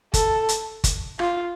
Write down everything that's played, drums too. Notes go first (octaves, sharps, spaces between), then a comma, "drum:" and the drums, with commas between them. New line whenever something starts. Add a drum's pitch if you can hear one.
A4, drum: kick G1, hi-hat
drum: hi-hat
drum: kick G1, hi-hat
F4, drum: rim click